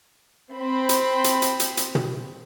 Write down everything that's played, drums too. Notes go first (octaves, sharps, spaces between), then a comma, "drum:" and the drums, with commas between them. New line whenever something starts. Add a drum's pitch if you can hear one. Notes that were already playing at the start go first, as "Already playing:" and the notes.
C4 C5 B5
drum: hi-hat
drum: hi-hat
drum: hi-hat
drum: hi-hat
drum: hi-hat
drum: tom